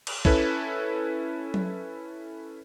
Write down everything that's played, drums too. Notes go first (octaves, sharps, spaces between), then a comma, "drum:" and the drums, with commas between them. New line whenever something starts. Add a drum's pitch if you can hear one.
drum: cymbal
C#4 E4 A4 B4, drum: kick
drum: tom F#3